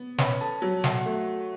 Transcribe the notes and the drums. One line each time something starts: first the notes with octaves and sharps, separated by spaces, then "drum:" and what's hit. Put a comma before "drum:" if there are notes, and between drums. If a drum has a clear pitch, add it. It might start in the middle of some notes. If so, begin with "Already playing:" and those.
Already playing: B3
C#4 B4 B5, drum: snare
A4 A5
F#3
F#4 F#5, drum: snare
A3